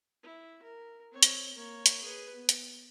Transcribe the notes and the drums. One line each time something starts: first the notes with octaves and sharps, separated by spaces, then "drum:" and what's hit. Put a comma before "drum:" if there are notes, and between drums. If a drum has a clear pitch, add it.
E4
A#4
C4 C#5
drum: hi-hat
A#3 C#5
drum: hi-hat
G#4 B4
B3
drum: hi-hat